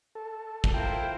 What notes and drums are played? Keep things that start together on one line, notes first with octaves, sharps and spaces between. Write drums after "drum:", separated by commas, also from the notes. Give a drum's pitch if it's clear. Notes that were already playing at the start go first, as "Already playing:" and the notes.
A4
drum: kick
E4 F4 A#4 C5 G5